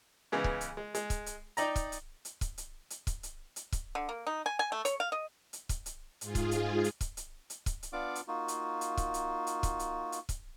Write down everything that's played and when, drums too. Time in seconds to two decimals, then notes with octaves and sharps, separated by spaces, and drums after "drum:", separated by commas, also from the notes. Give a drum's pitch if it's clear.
0.32 C#3 E3 G#3 B3
0.44 drum: kick
0.61 drum: hi-hat
0.77 G#3
0.95 G#3, drum: hi-hat
1.10 drum: kick, hi-hat
1.26 drum: hi-hat
1.57 D#4 D5 G5 A#5, drum: hi-hat
1.76 drum: kick, hi-hat
1.92 drum: hi-hat
2.25 drum: hi-hat
2.41 drum: kick, hi-hat
2.58 drum: hi-hat
2.90 drum: hi-hat
3.07 drum: kick, hi-hat
3.23 drum: hi-hat
3.56 drum: hi-hat
3.72 drum: kick, hi-hat
3.95 D3
4.09 A#3
4.27 D#4
4.46 G#5
4.59 G#5
4.72 A3
4.85 C#5, drum: hi-hat
5.00 F5
5.12 D#5
5.53 drum: hi-hat
5.69 drum: kick, hi-hat
5.86 drum: hi-hat
6.21 G#2 F4 G#4, drum: hi-hat
6.35 drum: kick, hi-hat
6.51 drum: hi-hat
6.84 drum: hi-hat
7.01 drum: kick, hi-hat
7.17 drum: hi-hat
7.50 drum: hi-hat
7.66 drum: kick, hi-hat
7.83 drum: hi-hat
7.93 B3 D4 F4 D5 F5 D6
8.15 drum: hi-hat
8.28 A#3 D#4 F4 F#4
8.48 drum: hi-hat
8.81 drum: hi-hat
8.97 drum: kick, hi-hat
9.14 drum: hi-hat
9.47 drum: hi-hat
9.63 drum: kick, hi-hat
9.79 drum: hi-hat
10.12 drum: hi-hat
10.29 drum: kick, hi-hat